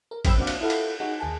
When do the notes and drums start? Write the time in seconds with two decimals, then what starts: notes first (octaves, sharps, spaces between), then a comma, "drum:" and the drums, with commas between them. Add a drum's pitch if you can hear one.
0.11 A#4
0.25 C5 G5 B5 E6, drum: kick G#1, cymbal
0.37 A#3 C4 D4 F#4 D5 F5
0.47 drum: cymbal
0.61 E4 F4 A4 F5 F#5 B5
0.70 drum: cymbal
1.00 D#4 F#4 G#4
1.19 D#2 G#4 G#5 A5